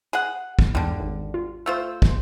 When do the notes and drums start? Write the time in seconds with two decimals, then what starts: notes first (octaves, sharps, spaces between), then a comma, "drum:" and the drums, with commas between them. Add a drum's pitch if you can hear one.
0.13 G#4 F#5
0.59 drum: kick
0.75 E2 G#2 D3 G3
1.00 G#1
1.34 F4
1.66 A3 F4 C5 E6
2.02 drum: kick